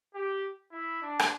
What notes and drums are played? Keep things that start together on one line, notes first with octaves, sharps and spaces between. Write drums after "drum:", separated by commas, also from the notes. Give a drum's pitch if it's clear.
G4
E4
D4
drum: rim click